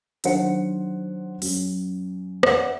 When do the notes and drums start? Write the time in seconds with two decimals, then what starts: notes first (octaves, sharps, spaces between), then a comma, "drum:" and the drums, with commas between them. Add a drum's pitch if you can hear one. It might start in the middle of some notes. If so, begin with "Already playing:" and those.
0.24 D#3 F#3 D4 C5 F#5 C#7, drum: hi-hat
1.42 F#2, drum: open hi-hat
2.43 C#5 D5 E5 F#5 D6, drum: rim click